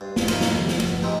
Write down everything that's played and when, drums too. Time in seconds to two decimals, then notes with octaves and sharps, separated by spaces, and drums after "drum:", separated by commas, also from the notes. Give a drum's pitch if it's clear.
0.01 G2 C6
0.16 F1 F#2 F3 A#3, drum: snare
0.28 G#2 A3 A#3 D#4 C5 B5, drum: cymbal
0.41 drum: snare
0.55 C#2 D#3 G3
0.68 drum: snare
0.80 G1 A2 B3, drum: cymbal
1.02 G#3 C4 D#4 G4